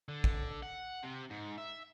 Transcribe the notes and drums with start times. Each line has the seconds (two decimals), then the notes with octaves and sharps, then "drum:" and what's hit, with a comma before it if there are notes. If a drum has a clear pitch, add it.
0.09 D3
0.24 drum: kick A1
0.62 F#5
1.04 C3
1.30 G#2
1.58 E5